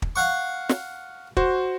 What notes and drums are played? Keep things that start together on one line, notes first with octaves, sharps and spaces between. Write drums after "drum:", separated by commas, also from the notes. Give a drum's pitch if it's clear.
drum: kick
F5 F#5 C#6
drum: snare
F#4 C5, drum: kick